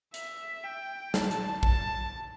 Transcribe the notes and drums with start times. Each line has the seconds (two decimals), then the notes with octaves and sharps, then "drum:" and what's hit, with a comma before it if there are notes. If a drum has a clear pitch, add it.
0.14 E5, drum: hi-hat
0.64 G5
1.14 A5, drum: snare
1.31 drum: hi-hat
1.63 A5, drum: kick